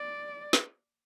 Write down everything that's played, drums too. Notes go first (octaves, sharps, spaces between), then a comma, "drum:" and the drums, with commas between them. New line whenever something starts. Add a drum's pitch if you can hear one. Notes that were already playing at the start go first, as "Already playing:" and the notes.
Already playing: D5
drum: snare